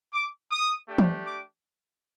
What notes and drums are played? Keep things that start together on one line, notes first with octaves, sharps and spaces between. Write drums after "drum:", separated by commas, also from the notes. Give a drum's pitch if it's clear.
D6
D#6
A3 D4 G4
drum: tom
D6